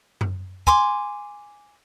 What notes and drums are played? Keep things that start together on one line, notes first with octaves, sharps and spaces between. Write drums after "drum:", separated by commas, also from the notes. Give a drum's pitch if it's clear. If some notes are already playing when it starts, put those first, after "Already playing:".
drum: tom F#2
G#5 C6 D6, drum: kick